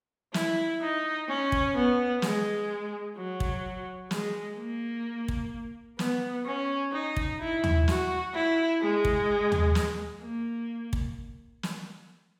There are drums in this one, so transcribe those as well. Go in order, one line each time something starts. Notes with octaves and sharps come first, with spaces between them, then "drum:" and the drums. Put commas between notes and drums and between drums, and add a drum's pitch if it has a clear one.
E4, drum: snare
D#4
C#4
drum: kick
B3
G#3, drum: snare
F#3
drum: kick
G#3, drum: snare
A#3
drum: kick
B3, drum: snare
C#4
D#4
drum: kick
E4
drum: tom
F#4, drum: snare
E4
G#3
drum: kick
drum: tom
drum: snare
A#3
drum: kick
drum: snare